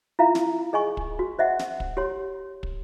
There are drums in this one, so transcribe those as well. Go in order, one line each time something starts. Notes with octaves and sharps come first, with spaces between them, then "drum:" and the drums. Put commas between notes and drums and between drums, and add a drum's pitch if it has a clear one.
E4 F4 E5 F5 A#5
drum: snare
G#4 D#5 G#5 C#6
drum: kick
F#4
C5 D#5 E5 F#5
drum: snare
drum: kick
G4 C#5 C6
drum: kick